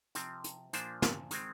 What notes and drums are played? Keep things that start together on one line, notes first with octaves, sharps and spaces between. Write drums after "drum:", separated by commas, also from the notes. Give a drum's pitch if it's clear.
C3 F3 C4, drum: hi-hat
drum: hi-hat
A#2 F3 A#3 D4 C5, drum: hi-hat
drum: snare
D#3 G#3 C4, drum: hi-hat